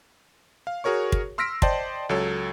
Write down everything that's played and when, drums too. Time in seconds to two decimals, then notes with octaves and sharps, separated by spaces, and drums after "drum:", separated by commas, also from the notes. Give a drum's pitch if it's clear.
0.67 F5
0.84 F#4 G#4 A#4 C#5 C#6
1.12 drum: kick
1.38 C6 E6 F6 A#6 B6 D7
1.62 C5 D5 D#5 G5 A5 C6, drum: kick
2.09 C#2 F#3 A4 C#5